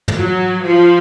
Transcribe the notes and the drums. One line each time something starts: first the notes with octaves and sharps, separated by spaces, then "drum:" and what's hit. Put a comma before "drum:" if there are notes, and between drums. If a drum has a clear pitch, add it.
drum: tom
F#3
F3